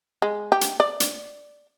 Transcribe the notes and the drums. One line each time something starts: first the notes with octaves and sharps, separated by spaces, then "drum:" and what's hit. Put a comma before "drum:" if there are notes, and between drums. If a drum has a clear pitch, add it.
G#3
G4
drum: hi-hat
D5
drum: hi-hat